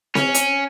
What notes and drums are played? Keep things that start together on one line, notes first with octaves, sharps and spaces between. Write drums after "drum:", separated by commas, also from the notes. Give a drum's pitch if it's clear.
C#4, drum: snare C4
drum: hi-hat